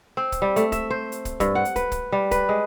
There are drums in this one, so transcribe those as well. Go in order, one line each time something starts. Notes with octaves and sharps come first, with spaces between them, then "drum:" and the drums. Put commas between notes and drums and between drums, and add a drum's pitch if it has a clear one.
C4
drum: kick, hi-hat
G3
A3, drum: hi-hat
E5, drum: kick, hi-hat
C5
drum: hi-hat
drum: kick, hi-hat
G2, drum: kick, hi-hat
F#5
drum: hi-hat
B4, drum: kick, hi-hat
drum: kick, hi-hat
G3
B4, drum: kick, hi-hat
G#3